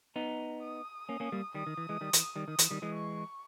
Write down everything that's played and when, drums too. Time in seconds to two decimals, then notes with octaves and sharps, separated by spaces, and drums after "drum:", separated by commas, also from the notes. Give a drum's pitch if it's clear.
0.16 B3 D#4 A#5
0.62 D#6
1.09 A#3 C#4
1.20 A#3 C#4
1.32 G3 A#3
1.54 D#3 G3 D#6
1.67 D#3
1.77 E3
1.89 E3 G#3
2.01 D#3 G3
2.13 E3, drum: hi-hat
2.36 D#3 G3
2.48 D#3 D#6
2.59 E3, drum: hi-hat
2.71 D#3 G3
2.82 E3 G#3
2.94 C#6